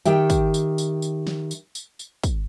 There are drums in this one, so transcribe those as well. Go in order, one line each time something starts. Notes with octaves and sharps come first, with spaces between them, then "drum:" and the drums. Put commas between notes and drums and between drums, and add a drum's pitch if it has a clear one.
D#3 G4 E5 G5, drum: tambourine
drum: kick, tambourine
drum: tambourine
drum: tambourine
drum: tambourine
drum: snare
drum: tambourine
drum: tambourine
drum: tambourine
drum: kick, tambourine